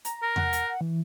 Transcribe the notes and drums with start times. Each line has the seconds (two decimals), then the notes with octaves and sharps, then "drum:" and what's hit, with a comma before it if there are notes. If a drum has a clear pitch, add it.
0.05 A#5, drum: hi-hat
0.23 A#4
0.36 F#5, drum: tom E2
0.53 drum: hi-hat
0.81 E3